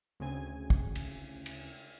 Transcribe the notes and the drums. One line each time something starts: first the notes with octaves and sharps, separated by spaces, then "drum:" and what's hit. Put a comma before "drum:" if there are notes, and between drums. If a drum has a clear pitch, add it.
D2 C#3 C4 G#5
drum: kick
drum: cymbal
drum: cymbal